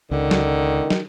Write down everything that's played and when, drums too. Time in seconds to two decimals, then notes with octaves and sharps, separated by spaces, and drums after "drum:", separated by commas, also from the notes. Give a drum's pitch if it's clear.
0.11 C#2 D3 D#3
0.31 drum: snare
0.90 drum: snare